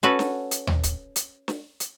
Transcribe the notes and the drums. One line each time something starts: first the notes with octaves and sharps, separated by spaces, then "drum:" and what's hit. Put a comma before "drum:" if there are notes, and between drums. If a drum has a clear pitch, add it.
C#4 F#4 A4 B4
drum: snare
drum: hi-hat
drum: tom D#2
drum: kick D1, hi-hat
drum: hi-hat
drum: snare
drum: hi-hat